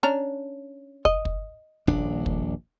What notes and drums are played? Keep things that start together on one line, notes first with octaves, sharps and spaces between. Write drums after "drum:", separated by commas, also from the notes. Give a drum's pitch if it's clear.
C#4 D4 A#5
D#5, drum: kick
drum: kick
D#1 A#1 D4, drum: kick
drum: kick